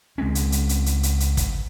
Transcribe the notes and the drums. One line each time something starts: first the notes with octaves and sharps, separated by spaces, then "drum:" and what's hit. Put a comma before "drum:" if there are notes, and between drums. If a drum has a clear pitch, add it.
C#2 G#3 C4 C#4
drum: hi-hat
drum: hi-hat
drum: hi-hat
drum: hi-hat
drum: hi-hat
drum: hi-hat
drum: kick, hi-hat